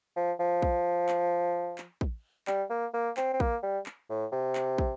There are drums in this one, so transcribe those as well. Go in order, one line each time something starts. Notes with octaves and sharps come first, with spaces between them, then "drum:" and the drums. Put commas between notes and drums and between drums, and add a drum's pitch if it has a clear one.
F3
F3
drum: kick
drum: clap
drum: clap
drum: kick
G3, drum: clap
A#3
A#3
C4, drum: clap
C4
A#3, drum: kick
G3
drum: clap
A2
C3
drum: clap
drum: kick